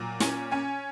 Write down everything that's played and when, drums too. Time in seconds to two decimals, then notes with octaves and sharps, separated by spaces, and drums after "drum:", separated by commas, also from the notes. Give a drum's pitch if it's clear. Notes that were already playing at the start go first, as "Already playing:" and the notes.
Already playing: A#2 F#3
0.20 C#4 G#5, drum: snare
0.51 C#4 G#5